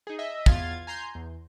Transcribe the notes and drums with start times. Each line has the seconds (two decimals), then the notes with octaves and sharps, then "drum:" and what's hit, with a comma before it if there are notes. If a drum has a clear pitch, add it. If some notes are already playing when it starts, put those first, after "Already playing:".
0.07 D#4 G#4
0.19 D#5 E5
0.46 E2 F4 F5 C6 G#6 A6, drum: kick
0.87 G#5 A#5 C6 G6
1.15 E2